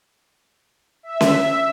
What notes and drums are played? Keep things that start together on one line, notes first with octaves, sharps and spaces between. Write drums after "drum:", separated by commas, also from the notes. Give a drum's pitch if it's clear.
E5
drum: snare C#4